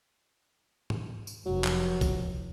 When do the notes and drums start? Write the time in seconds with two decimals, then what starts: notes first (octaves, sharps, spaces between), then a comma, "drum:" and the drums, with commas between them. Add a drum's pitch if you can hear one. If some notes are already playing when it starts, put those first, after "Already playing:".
0.90 drum: tom G#2
1.27 drum: tambourine
1.46 F1 F#3
1.64 drum: clap
2.01 drum: kick B1, tambourine